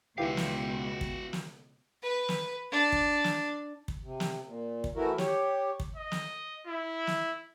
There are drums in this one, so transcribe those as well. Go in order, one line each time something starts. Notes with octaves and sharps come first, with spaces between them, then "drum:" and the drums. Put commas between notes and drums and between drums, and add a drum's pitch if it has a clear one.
C#2 B2 E3 F#4 G4 F5
drum: snare
drum: kick
drum: snare
B4
drum: snare
D4
drum: kick
drum: snare
drum: kick
C3
drum: snare
A#2
drum: kick
E3 A3 E4 F#4 A#4
G4 C#5, drum: snare
drum: kick
D#5
drum: snare
E4
drum: snare